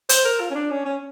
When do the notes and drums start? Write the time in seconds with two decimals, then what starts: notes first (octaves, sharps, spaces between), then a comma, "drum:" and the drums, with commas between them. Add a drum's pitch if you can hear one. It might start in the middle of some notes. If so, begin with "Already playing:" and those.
0.09 C5, drum: hi-hat
0.25 A#4
0.40 F4
0.50 C#4
0.55 D4
0.70 C#4
0.85 C#4